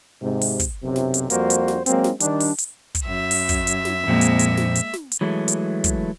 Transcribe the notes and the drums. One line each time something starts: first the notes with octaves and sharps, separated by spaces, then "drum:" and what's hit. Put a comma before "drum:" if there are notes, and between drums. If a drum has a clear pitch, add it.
G#2 C3
drum: open hi-hat
drum: kick, hi-hat
B1 F#2 C3
drum: snare
drum: hi-hat
F2 G3 A#3 F#4 C5, drum: hi-hat
drum: hi-hat
drum: snare
F#3 G#3 A#3 C4, drum: hi-hat
drum: snare
D#3 G3 D4, drum: hi-hat
drum: open hi-hat
drum: hi-hat
drum: kick, hi-hat
F#2 E5
drum: open hi-hat
drum: kick, hi-hat
drum: hi-hat
drum: snare
F2 A#2 G#3 A#3 C4
drum: hi-hat
drum: hi-hat
drum: snare
drum: hi-hat
drum: snare
drum: hi-hat
E3 F#3 G#3 A3
drum: hi-hat
drum: kick, hi-hat